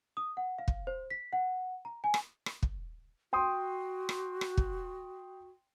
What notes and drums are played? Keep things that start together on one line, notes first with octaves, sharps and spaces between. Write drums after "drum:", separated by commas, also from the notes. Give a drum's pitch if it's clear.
D#6
F#5
F5
drum: kick
C5
B6
F#5
A#5
G#5
drum: rim click
drum: rim click
drum: kick
F#4 G5 C6 D#6
drum: rim click
drum: rim click
drum: kick